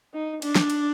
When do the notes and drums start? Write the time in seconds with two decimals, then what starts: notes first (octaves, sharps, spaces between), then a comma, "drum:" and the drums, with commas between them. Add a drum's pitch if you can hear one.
0.14 D#4
0.42 D4, drum: cymbal
0.56 drum: snare
0.70 drum: cymbal